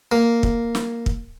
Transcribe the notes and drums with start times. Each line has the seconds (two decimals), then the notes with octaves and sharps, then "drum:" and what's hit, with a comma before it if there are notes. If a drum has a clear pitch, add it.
0.12 A#3
0.43 drum: kick
0.75 drum: snare
1.06 drum: kick